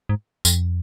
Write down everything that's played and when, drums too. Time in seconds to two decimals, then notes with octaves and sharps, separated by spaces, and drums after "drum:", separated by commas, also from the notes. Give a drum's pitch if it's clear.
0.09 G#2
0.45 F2, drum: tambourine